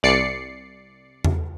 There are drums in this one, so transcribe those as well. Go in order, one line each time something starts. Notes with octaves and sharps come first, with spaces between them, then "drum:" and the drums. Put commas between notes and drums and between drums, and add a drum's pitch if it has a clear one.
C2 D5 C7 C#7
drum: tom E2